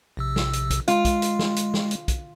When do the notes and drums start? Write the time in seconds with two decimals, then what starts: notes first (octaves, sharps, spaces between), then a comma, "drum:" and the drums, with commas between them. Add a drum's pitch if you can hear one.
0.17 A#1 C3 E6
0.36 drum: snare
0.53 drum: hi-hat
0.70 drum: kick, hi-hat
0.88 G#3 F4, drum: hi-hat
1.05 drum: kick, hi-hat
1.22 drum: hi-hat
1.39 drum: snare
1.56 drum: hi-hat
1.74 drum: snare
1.91 drum: hi-hat
2.08 drum: kick, hi-hat